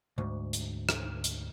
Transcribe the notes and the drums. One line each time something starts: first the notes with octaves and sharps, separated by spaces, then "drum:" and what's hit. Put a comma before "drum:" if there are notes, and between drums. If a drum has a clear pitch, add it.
D2 G#2
drum: hi-hat
drum: rim click
drum: hi-hat